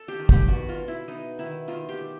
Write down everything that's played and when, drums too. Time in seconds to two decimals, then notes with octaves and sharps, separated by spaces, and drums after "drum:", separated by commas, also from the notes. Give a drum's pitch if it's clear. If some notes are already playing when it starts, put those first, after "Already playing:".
Already playing: A4
0.08 G4
0.19 D#3
0.29 G4, drum: kick
0.48 B2 F#4
0.69 F4
0.79 B2
0.88 E4
1.08 B3 D#4
1.39 D#3 E4
1.68 D#3 F4
1.89 G4
1.98 A3